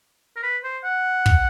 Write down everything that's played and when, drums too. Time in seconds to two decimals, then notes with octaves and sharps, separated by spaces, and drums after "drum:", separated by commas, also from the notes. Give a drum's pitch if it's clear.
0.36 A#4
0.43 B4
0.64 C5
0.84 F#5
1.26 drum: kick